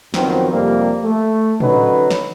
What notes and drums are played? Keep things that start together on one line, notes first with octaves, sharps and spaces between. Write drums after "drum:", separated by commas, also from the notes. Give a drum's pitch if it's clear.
F#2 D#3 F3 F#3 B3 C4, drum: snare
F2 C3 G3 A#3
A3
D3 F#3 C#4 D#4 B4, drum: tom
drum: snare